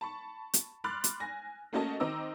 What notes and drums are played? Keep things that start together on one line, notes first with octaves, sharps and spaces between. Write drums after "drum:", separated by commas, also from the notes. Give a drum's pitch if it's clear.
A5 B5 C#6
drum: hi-hat
B5 C6 D6 F6 F#6 A6
drum: hi-hat
G#5 A#6
A3 A#3 C#4 F#4 D#5 A5
D#3 C4 D#5 A#5 D6 E6